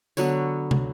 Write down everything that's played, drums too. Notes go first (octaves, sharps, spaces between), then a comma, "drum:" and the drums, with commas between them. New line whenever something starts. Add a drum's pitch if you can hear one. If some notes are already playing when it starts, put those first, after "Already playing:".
D3 F#3 B3 C#5, drum: tambourine
drum: tom